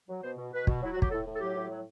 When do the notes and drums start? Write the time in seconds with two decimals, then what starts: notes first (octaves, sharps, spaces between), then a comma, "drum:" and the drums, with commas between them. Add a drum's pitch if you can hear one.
0.09 F#3
0.23 B2 C5
0.37 B2
0.52 B2 B4
0.67 B2, drum: kick
0.82 F#3 E4
0.93 F#3 F#4
1.02 G4, drum: kick
1.11 A2 A4
1.26 A2
1.36 A4
1.40 F#3 G4
1.56 A2
1.70 F#3